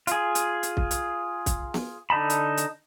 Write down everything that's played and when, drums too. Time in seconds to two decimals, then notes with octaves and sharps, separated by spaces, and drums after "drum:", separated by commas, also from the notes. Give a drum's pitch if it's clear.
0.07 F4 G#4, drum: hi-hat
0.35 drum: hi-hat
0.63 drum: hi-hat
0.77 drum: kick
0.91 drum: hi-hat
1.46 drum: kick, hi-hat
1.74 drum: snare B3
2.10 D3 D#4 A5 B5
2.30 drum: hi-hat
2.57 drum: hi-hat